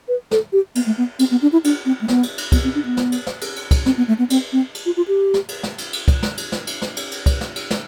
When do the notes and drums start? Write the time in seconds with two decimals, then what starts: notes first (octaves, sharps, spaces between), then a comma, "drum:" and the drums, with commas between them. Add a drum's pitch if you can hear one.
0.08 B4
0.31 A4, drum: snare
0.53 G4
0.75 B3, drum: cymbal
0.86 A3
0.98 B3
1.19 C4, drum: cymbal
1.31 B3
1.42 D4
1.52 E4
1.64 D4, drum: cymbal
1.85 C4
2.01 A3
2.08 B3, drum: snare
2.23 drum: cymbal
2.38 drum: cymbal
2.52 B3, drum: kick, cymbal
2.64 C4
2.75 D4
2.85 B3
2.97 drum: snare
3.12 drum: cymbal
3.27 drum: snare
3.41 drum: cymbal
3.56 drum: cymbal
3.71 drum: kick, cymbal
3.86 C4, drum: snare
3.97 B3
4.08 A3
4.19 B3
4.30 C4, drum: cymbal
4.53 C4
4.75 drum: cymbal
4.86 F4
4.97 F4
5.08 G4
5.34 drum: snare
5.49 drum: cymbal
5.63 drum: snare
5.78 drum: cymbal
5.93 drum: cymbal
6.08 drum: kick, cymbal
6.23 drum: snare
6.37 drum: cymbal
6.52 drum: snare
6.67 drum: cymbal
6.82 drum: snare
6.96 drum: cymbal
7.11 drum: cymbal
7.26 drum: kick, cymbal
7.41 drum: snare
7.56 drum: cymbal
7.70 drum: snare